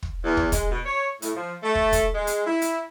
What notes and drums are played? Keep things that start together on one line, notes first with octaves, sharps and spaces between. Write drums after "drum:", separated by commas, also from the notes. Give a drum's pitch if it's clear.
drum: kick
E2
drum: kick
G#3, drum: kick, hi-hat
B2
C#5
A2, drum: hi-hat
F3
A3
drum: kick
drum: kick, hi-hat
G#3
drum: hi-hat
E4
drum: hi-hat